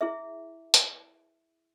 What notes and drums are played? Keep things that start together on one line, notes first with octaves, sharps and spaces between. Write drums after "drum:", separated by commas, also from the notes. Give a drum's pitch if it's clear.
E4 G#4 E5
drum: hi-hat